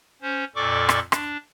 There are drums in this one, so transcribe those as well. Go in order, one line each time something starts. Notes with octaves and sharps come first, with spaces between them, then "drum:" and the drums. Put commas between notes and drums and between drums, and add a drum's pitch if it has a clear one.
C#4 C5
F2 A#2 A4 D5 C#6 D6
drum: rim click
D4, drum: rim click